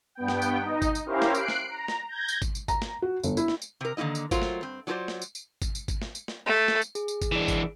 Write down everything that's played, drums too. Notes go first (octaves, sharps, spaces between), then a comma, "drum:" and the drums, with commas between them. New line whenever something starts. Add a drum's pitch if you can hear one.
G2 B3 G5
drum: snare
drum: tambourine
D#4 D#5
drum: kick G#1, tambourine
drum: tambourine
C#4 E4 G4 A#4 C5 F5
drum: snare
F#6 C7 D7, drum: tambourine
drum: snare
A#5
drum: snare
G6 G#6 A#6
drum: tambourine
drum: kick G#1, tambourine
drum: tambourine
A#5, drum: kick G#1, tambourine
drum: snare
F#4
G1, drum: tambourine
E4, drum: tambourine
drum: snare
drum: tambourine
C3 A#4
D3 D#3 A#3 E4 D#5
drum: tambourine
F#3 A3 F4 A#4 C5, drum: kick G#1, tambourine
drum: snare
G2 C4
F#3 D4 F4 A#4 C5 D5
drum: snare
drum: tambourine
drum: tambourine
drum: kick G#1, tambourine
drum: tambourine
drum: kick G#1, tambourine
drum: snare
drum: tambourine
drum: snare
A3
drum: snare
drum: tambourine
G#4, drum: tambourine
drum: tambourine
drum: kick G#1, tambourine
E3 D4
drum: kick G#1, tambourine